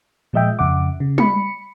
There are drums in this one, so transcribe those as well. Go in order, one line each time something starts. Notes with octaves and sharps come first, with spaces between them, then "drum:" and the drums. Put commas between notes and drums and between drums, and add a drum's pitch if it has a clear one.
A#2 F3 G#3 D#5 E5 G5
F2 C#3 E5 F#5 D6
C#3
B5 C#7, drum: tom G3